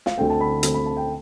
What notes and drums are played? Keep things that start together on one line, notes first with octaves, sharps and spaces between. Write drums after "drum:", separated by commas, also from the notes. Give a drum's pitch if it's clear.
F5, drum: snare
D2 D3 A3 C4 G5
A5
B5
D2 D3 A3 C4, drum: hi-hat
B5
A5
G5